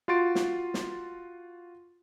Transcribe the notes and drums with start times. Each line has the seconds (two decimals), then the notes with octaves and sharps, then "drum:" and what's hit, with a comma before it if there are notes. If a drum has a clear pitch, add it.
0.08 F4 F#4 C6 A6 D7
0.35 drum: snare
0.74 drum: snare